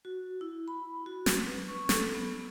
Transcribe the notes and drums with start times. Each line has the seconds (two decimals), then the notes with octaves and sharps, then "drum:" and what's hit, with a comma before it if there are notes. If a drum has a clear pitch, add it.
0.05 F#4
0.41 E4
0.68 B5
1.06 F#4
1.26 drum: snare
1.47 B4
1.68 C#6
1.89 A4, drum: snare
2.14 B3